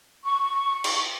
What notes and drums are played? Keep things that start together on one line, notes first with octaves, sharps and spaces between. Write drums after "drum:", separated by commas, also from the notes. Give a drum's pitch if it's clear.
C#6
drum: cymbal